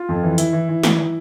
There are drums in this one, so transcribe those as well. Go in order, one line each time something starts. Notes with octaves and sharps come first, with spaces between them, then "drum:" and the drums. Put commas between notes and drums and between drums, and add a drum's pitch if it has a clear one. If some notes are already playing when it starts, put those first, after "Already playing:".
Already playing: F4
F2
E3
E3 E4, drum: hi-hat
E3
E3
E3, drum: snare
E3